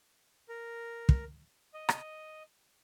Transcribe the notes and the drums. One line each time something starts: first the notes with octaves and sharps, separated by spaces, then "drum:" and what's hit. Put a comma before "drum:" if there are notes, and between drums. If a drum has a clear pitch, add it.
A#4
drum: kick
D#5
drum: rim click